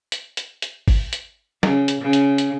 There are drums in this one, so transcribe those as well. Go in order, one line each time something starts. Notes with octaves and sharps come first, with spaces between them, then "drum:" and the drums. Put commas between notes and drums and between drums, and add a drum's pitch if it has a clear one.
drum: hi-hat
drum: hi-hat
drum: hi-hat
drum: kick G1, open hi-hat
drum: hi-hat
C#3, drum: snare
drum: hi-hat
C#3
drum: hi-hat
drum: hi-hat